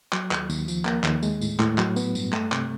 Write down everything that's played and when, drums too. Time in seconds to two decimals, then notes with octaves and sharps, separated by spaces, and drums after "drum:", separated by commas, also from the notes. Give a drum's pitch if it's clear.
0.13 F#3, drum: clap
0.31 D#2, drum: clap
0.50 D#2, drum: tambourine
0.68 F3, drum: tambourine
0.85 A#3, drum: clap
1.04 D#2, drum: clap
1.23 G#3, drum: tambourine
1.41 A2, drum: tambourine
1.60 A2, drum: clap
1.78 F#3, drum: clap
1.96 B3, drum: tambourine
2.15 G2, drum: tambourine
2.33 A3, drum: clap
2.52 C3, drum: clap